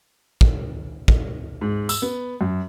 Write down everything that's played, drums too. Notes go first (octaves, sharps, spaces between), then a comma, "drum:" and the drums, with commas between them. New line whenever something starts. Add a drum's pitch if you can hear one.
drum: kick
drum: kick
G#2
E6, drum: tambourine
B3
F#2